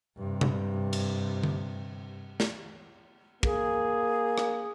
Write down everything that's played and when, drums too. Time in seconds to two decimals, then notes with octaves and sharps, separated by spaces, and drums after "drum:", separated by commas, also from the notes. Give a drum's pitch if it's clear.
0.17 G2 C3
0.41 drum: tom C3
0.93 drum: cymbal
1.43 drum: tom D3
2.40 drum: snare
3.43 A#3 G#4, drum: kick
4.38 drum: rim click